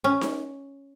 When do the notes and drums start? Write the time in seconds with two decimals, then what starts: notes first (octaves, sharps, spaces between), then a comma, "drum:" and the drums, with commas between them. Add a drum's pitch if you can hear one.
0.04 C#4
0.21 drum: snare D#4